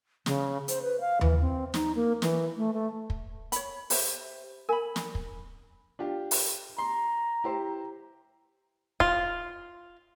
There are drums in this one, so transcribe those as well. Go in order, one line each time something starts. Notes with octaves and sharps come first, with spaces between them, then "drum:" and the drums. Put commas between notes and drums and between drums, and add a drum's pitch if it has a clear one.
C#3, drum: snare
C5, drum: hi-hat
B4
F5
E3, drum: tom D#2
C4
D#4, drum: snare
A#3
E3, drum: snare
A3
A3
drum: kick
C#5 B5, drum: hi-hat
G4 C5 E5, drum: open hi-hat
A#4 G#5 B5
drum: snare
drum: kick
D4 F4 G4
drum: open hi-hat
A#5 C6
E4 G4 C5
F4, drum: kick